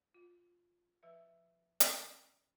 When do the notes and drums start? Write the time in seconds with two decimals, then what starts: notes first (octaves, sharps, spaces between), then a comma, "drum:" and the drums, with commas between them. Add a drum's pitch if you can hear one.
0.14 F4
1.03 F3 B4 E5
1.80 C#4, drum: hi-hat